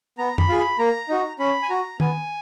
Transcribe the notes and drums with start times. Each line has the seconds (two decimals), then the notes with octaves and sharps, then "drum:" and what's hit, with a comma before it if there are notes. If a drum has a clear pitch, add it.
0.18 B3 A#5
0.38 B5, drum: tom F2
0.49 F4 G#4
0.59 B5
0.79 A#3 A#5
1.09 D#4 F#4
1.39 C#4 B5
1.62 G#5
1.69 F#4 A#5
2.00 B3 G#5, drum: tom